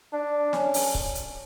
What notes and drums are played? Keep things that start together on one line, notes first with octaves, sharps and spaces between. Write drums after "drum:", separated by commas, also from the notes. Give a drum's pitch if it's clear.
D4
C#4, drum: snare
drum: open hi-hat
drum: kick C#1
drum: hi-hat